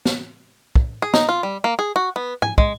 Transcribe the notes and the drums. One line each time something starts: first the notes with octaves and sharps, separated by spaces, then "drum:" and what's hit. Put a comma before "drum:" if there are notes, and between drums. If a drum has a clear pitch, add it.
drum: snare
drum: kick
G#4
D#4, drum: snare
F4
G3
A#3
G#4
F#4
B3
G#5, drum: tom G#2
G#3, drum: kick